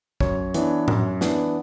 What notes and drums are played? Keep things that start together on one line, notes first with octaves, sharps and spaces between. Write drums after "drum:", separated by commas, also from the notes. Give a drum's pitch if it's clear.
F#2 C#5, drum: kick
E3 B3 D4, drum: hi-hat
F#2, drum: tom A2
E3 B3 D4, drum: snare